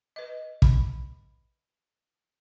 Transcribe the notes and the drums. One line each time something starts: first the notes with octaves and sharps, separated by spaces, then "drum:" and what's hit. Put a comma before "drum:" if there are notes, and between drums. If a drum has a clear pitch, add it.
B4 D#5
B5, drum: kick